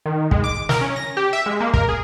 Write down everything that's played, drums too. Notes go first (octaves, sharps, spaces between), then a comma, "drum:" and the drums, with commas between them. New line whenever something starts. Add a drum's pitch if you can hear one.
D#3
G#3, drum: kick
D6
A#4, drum: snare
C#4
A#6
G4
E5
G#3
A#3
A#4, drum: kick
G#4